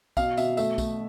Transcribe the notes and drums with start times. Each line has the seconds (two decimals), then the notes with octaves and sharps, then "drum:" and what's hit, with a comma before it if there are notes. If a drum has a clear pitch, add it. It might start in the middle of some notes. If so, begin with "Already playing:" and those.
0.17 B2 F5, drum: kick, tambourine
0.37 B2 E5, drum: tambourine
0.57 A3 E5, drum: tambourine
0.78 A3, drum: kick, tambourine